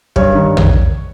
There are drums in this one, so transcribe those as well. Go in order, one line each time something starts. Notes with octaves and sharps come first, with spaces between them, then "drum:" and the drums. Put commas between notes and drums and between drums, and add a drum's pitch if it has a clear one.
G2 C#5, drum: kick
D#3
drum: tom